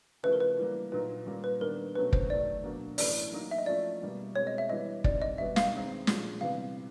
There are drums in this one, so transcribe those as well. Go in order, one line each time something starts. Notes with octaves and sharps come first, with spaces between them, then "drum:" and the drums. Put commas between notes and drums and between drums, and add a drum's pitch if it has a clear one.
C#3 F3 A3 C#4 E4 B4
A#4
B4
E3 G3 A#3
A#2 F#3 A#3 D#4 B4
A#2 G3 A#3 C#4
B4
D#3 G3 B3 D4 A#4
B2 F#3 A3 C#4 B4
C5, drum: kick
D#3 F#3 A3 D5
B2 F#3 A#3 D4
A2 E3 A3 C#4 D5, drum: open hi-hat
F#3 A#3 D#4
E5
D#5
F3 A3 C#4 E4 D5
B2 G3 A#3
B2 G#3 C4 E4 C#5
D#5
E5
E3 G3 B3 E4 D#5
D#3 G3 C4 D5, drum: kick
D#5
B2 G3 B3 E5
F5, drum: snare
D#3 G#3 C4 D#4
A#2 F3 G#3 C#4, drum: snare
C3 E3 G3 B3 F5